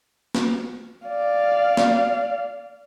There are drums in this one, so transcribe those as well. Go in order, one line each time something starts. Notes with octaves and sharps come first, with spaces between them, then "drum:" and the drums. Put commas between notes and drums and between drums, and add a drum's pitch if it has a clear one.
drum: snare
D5 F5
drum: snare